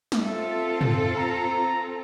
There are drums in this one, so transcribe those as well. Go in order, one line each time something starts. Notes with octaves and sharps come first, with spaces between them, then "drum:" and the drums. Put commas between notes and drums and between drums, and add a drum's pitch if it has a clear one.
drum: snare
C4 F4 A4 E5
drum: tom
A#5